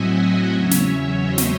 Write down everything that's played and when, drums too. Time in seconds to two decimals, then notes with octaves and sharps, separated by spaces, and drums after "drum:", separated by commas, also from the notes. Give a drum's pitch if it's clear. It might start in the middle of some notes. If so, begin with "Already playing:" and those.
Already playing: A2 F#3 C4 D#5 E5 F#5 G#5
0.54 E2 C#3 F#3 C#4 C#5 E5
0.71 drum: snare
1.21 C5 D#5
1.38 drum: snare